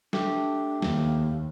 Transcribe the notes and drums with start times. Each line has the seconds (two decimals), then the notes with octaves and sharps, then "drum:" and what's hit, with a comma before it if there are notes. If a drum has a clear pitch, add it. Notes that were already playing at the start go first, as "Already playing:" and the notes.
0.13 A3 D4 G4, drum: snare
0.82 D#2 A#3, drum: snare